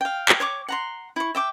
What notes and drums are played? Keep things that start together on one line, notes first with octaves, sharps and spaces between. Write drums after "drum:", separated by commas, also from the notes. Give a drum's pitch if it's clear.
F5 G5
drum: clap
C#5 C#6 D6
F#5 A#5 C6
E4 C#6
E5 G5 D6